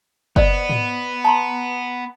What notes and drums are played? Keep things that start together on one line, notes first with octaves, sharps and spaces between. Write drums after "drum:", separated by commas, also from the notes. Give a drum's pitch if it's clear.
B3 C5 D5 D#5, drum: kick F#1
drum: tom G#2
A5 A#5 C6